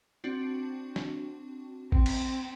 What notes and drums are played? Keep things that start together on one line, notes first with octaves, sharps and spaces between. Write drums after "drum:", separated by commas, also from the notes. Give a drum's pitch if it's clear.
C4 D4 F#4
drum: snare
C4, drum: kick A1
drum: cymbal